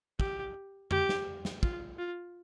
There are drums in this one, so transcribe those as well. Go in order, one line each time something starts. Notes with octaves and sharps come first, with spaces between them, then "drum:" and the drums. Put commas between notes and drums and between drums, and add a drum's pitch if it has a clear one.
G4, drum: kick
G4, drum: tom F2
drum: snare
drum: snare
F4, drum: kick
F4